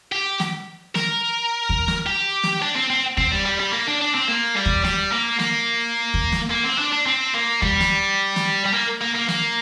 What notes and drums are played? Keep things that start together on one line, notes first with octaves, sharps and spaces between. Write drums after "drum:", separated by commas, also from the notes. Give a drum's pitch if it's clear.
G4
drum: snare
A#4, drum: snare
drum: kick D#2
drum: snare
G4
drum: snare
D4
C4
C4
C4, drum: kick D#2
G3
G3
G3
A#3
D4
D4
C4
A#3
G3
drum: kick D#2
G3, drum: snare
A#3
A#3, drum: snare
drum: kick D#2
drum: snare
A#3
C4
D4
D4
C4
A#3
G3, drum: kick D#2
drum: snare
drum: snare
G3
A#3
A#3
A#3
A#3, drum: snare